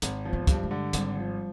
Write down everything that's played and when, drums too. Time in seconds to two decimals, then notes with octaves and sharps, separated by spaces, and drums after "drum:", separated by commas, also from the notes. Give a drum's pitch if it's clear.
0.02 G#1 C4, drum: hi-hat
0.25 F3
0.33 B3
0.47 G2, drum: kick, hi-hat
0.63 G#3
0.71 D3
0.93 G#1 G3, drum: hi-hat
1.17 F3